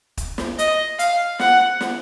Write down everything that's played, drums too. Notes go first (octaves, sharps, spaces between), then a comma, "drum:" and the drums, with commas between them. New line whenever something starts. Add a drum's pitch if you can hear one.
drum: kick, hi-hat
drum: snare
D#5, drum: hi-hat
F5, drum: hi-hat
F#5, drum: snare
drum: snare